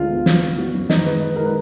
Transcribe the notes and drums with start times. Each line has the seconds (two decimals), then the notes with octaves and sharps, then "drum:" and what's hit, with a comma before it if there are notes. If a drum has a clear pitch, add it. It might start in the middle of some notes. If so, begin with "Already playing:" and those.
Already playing: D2 D3 G#3 F4
0.10 B3
0.26 F#3, drum: snare
0.42 B3
0.58 F#3 F#4
0.74 F#2
0.89 D#3 D#4, drum: snare
1.05 G#3 B4
1.22 D#3
1.36 G#3 A#4
1.45 B4